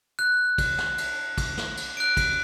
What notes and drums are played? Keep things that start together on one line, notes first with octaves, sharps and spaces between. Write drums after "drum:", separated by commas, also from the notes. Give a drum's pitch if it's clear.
F#6
drum: kick, cymbal
drum: snare
drum: cymbal
drum: kick, cymbal
drum: snare
drum: cymbal
F#6 D7
drum: kick, cymbal